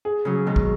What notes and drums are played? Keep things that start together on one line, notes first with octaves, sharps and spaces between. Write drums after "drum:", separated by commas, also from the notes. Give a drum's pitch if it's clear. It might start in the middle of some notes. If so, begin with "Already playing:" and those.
G#4
C#3 F#3 G#4
B2 D#3 G#3
drum: kick